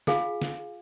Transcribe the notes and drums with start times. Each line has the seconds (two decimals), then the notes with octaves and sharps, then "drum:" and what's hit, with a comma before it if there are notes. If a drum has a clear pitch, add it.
0.07 F4 G#4 F5 G#5, drum: snare
0.42 drum: snare